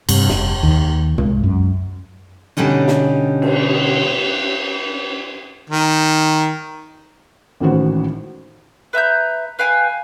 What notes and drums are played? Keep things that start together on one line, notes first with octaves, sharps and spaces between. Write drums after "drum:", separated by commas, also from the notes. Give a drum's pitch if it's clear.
G2 C3, drum: cymbal
F1, drum: snare
D#2 D#3
C2 G#3, drum: tom
F#2
B2 D3 G3 C#4 D#4
drum: snare
drum: cymbal
D#3
G#1 A2 E3 C#4 F#4 C5
B4 E5 A#5 G6
B4 F5 G5 G#5